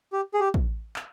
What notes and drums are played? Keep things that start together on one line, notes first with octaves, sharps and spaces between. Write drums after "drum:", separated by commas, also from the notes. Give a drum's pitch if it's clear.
G4
G#4
G4
drum: kick
drum: clap